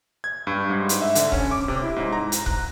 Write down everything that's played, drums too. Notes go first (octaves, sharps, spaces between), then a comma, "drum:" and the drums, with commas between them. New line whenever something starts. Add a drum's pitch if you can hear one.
G#6
G2
G#2
drum: hi-hat
E5
D3, drum: hi-hat
C#4, drum: kick C#1
D6
C3
E4
G#2
A#5
drum: hi-hat
F#6, drum: kick C#1